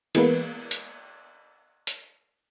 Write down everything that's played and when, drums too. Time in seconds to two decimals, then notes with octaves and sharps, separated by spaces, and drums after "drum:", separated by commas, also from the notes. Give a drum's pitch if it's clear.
0.15 E3 G#3 A#3 B3 B4, drum: cymbal
0.71 drum: hi-hat
1.87 drum: hi-hat